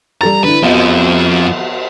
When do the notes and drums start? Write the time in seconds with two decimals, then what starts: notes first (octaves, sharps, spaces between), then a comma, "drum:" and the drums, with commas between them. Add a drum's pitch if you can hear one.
0.21 G3 A4 A#5 A6
0.44 D3 E4 B4
0.63 F2 F3 B3 D#5, drum: cymbal